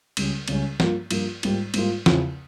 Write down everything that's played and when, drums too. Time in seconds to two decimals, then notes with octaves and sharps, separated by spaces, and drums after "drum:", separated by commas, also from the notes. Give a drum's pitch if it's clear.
0.17 C#2 C#3 G3 C#4, drum: cymbal
0.48 C#2 C#3 G3 C#4, drum: cymbal
0.80 G2 F3 A#3 F4, drum: snare
1.11 G2 F3 A#3 F4, drum: cymbal
1.43 G#2 G3 A#3 F4, drum: cymbal
1.74 G#2 G3 A#3 F4, drum: cymbal
2.06 E2 C#3 F3 C4, drum: snare